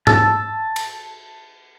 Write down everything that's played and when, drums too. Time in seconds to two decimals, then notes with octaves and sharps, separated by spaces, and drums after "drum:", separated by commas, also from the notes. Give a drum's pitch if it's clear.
0.07 A5 E6, drum: tom G#2
0.76 drum: cymbal